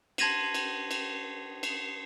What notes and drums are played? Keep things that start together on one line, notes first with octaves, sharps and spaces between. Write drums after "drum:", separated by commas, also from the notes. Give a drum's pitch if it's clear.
A5 C6 G#6 A#6 D#7 F#7, drum: cymbal
drum: cymbal
drum: cymbal
drum: cymbal